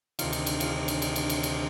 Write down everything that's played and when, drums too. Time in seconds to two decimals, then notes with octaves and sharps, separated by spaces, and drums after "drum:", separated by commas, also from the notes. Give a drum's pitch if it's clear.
0.19 D2 C3 D#3 F4, drum: cymbal
0.33 drum: cymbal
0.46 drum: cymbal
0.60 F4, drum: cymbal
0.88 drum: cymbal
1.02 drum: cymbal
1.16 drum: cymbal
1.29 drum: cymbal
1.43 drum: cymbal